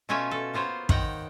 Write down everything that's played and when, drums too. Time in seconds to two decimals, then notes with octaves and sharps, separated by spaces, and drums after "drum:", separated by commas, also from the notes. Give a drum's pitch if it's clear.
0.09 B2 A3 C#4 F4 E5 G#5
0.31 A4
0.54 A#3 B3 F4 C5 C#5
0.89 D#3 F#5 G5 A#5, drum: kick